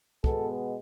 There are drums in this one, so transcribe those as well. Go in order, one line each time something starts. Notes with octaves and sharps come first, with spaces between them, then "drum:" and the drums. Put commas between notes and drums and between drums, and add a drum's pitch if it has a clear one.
B2 G#3 B3 A4, drum: kick